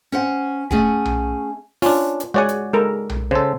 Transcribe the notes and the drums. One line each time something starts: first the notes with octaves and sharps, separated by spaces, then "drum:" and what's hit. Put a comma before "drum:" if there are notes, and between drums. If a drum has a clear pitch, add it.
C#4 C5 F#5
A3 C#4 G#4 F#5 G#5, drum: kick E1
drum: tom B1
C#4 D4 F4, drum: open hi-hat
drum: hi-hat
G#3 F#4 C#5 D5 F#5 G#5
drum: hi-hat
G#3 A4 A#4
drum: tom B1
C#3 A4 C5